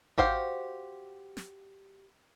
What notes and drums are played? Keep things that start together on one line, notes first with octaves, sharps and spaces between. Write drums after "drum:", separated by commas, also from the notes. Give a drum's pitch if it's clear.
F#4 G4 C5 F5, drum: kick G#1
drum: snare